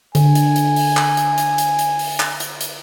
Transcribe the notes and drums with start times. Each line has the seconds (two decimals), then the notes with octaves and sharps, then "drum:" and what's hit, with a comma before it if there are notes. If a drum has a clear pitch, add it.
0.15 D3 G#5, drum: hi-hat
0.35 drum: hi-hat
0.56 drum: hi-hat
0.76 drum: open hi-hat
0.97 drum: clap
1.17 drum: hi-hat
1.38 drum: hi-hat
1.58 drum: hi-hat
1.79 drum: hi-hat
1.99 drum: open hi-hat
2.20 drum: clap
2.40 drum: hi-hat
2.61 drum: hi-hat